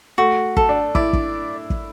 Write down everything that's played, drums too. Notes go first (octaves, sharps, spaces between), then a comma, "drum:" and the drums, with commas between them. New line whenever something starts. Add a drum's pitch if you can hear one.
A3 F#4
A4, drum: kick
D4
E4 D5, drum: kick
drum: kick
drum: kick